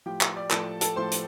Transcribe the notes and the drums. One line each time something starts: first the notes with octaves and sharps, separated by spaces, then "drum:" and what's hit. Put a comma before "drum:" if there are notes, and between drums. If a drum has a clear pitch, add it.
A2 F3 G4 G5
drum: clap
D5
A2 F3 A4 A5, drum: clap
A4 A5, drum: hi-hat
A2 F3 C5 C6
drum: hi-hat